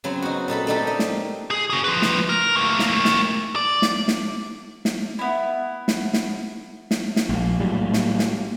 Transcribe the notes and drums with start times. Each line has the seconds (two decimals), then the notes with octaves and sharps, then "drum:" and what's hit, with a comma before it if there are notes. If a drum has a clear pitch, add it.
0.04 C#3 F#3 B3 C4
0.22 D#4 F#4
0.48 A#2 D#4 A4 B5
0.67 A3 C4 D4 D#4 G4 A4
0.87 A#4 D#5
0.99 drum: snare
1.51 G#4
1.70 F#4 G#4
1.84 F3 B4
2.02 drum: snare
2.29 A#4
2.56 A3 A#3
2.79 drum: snare
3.05 drum: snare
3.56 D5
3.82 drum: snare
4.08 drum: snare
4.85 drum: snare
5.19 B3 E4
5.88 drum: snare
6.14 drum: snare
6.91 drum: snare
7.16 drum: snare
7.29 A#1 A#3
7.60 A2 F#3 G3
7.94 drum: snare
8.19 drum: snare